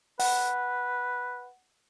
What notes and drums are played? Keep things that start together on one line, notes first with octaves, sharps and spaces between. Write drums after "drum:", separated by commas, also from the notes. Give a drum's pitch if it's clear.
B4 F#5, drum: open hi-hat